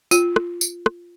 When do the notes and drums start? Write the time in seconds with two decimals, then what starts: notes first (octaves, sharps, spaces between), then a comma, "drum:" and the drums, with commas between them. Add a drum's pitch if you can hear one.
0.11 F4, drum: tambourine
0.36 drum: rim click
0.61 drum: tambourine
0.86 drum: rim click